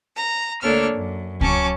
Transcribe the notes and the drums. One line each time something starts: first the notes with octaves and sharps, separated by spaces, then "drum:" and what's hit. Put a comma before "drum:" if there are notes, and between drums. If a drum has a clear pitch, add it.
A#5
D2 A#3 D4 A4 C#5 F6
F#2
F#3 C#4 C#5 A5 D6, drum: kick C#2